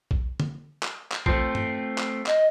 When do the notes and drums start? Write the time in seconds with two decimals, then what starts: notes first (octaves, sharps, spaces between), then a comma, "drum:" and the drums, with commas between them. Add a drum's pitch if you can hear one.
0.11 drum: kick A#1
0.40 drum: tom
0.83 drum: clap
1.12 drum: clap
1.26 F3 A3 C4, drum: kick A#1
1.55 drum: tom
1.98 drum: clap
2.26 D#5, drum: clap